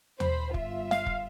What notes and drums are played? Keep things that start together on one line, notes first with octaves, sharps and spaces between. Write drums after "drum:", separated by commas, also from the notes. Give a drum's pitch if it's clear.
C5 B5, drum: tom
G1 F4 E5, drum: kick
F5, drum: snare
drum: kick